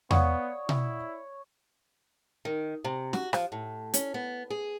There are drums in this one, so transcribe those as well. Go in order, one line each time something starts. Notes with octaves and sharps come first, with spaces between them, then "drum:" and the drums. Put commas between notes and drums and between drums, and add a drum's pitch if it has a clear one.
B3 C#5 D5 F5 F#5 D#6, drum: tom E2
E4, drum: tom B2
D#3
C3
F#4, drum: snare
F3, drum: rim click
A2
C#4, drum: hi-hat
B3
G#4